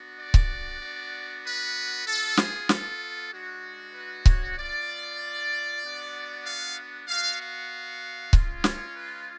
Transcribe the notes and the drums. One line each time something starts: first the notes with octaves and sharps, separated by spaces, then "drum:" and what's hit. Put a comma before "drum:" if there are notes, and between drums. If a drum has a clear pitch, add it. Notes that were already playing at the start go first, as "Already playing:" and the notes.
Already playing: B3 D4 F#4
D5
drum: kick C#1
B3 D4 F#4
B4
B3 F4 A4
G#4, drum: snare
A4, drum: snare
G#3 D4 F#4
B4
C#5, drum: kick C#1
B3 F4 D5
B3 D4 F#4
F5
B3 F#4 F5
F5
G#3 C#4 F4, drum: kick C#1
C#5, drum: snare
B4